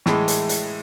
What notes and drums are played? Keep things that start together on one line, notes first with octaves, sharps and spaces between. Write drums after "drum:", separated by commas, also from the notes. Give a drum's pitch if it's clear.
A2 E3 G#3, drum: snare
drum: hi-hat
drum: hi-hat